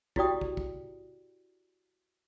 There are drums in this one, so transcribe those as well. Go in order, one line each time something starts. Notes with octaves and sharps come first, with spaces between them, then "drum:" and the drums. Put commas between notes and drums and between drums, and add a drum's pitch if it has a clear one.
E4 F#4 G4 D5 G5 D#6, drum: kick
drum: kick
drum: kick